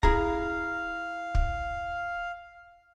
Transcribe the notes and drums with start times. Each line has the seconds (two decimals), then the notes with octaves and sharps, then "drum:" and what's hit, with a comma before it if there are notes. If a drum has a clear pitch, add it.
0.03 E4 G#4 F5 A#5, drum: kick
1.35 drum: kick